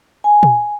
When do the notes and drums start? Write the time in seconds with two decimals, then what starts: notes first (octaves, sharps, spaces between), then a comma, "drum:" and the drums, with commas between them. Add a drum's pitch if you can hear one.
0.24 G#5
0.43 drum: tom A#2